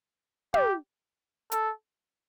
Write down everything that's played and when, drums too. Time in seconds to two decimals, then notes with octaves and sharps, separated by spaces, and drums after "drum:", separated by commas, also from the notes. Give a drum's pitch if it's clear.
0.54 G4, drum: tom
1.52 A4, drum: hi-hat